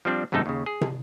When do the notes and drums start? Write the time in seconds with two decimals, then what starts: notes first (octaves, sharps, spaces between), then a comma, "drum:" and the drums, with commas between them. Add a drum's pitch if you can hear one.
0.05 F3 G3 C4 D4
0.32 G#1 F#2 C3 A3 D#4 A4
0.46 D#2 C#3
0.66 G#4
0.81 drum: tom